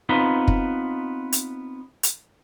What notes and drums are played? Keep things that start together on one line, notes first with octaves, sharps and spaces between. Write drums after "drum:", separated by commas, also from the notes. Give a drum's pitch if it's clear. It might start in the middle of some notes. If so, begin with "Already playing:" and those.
B3 C4 D#4 F4 B4
drum: kick
drum: hi-hat
drum: hi-hat